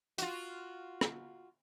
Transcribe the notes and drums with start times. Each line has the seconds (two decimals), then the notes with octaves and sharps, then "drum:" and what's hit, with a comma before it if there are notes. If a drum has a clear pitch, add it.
0.18 F4 F#4, drum: hi-hat
1.01 drum: rim click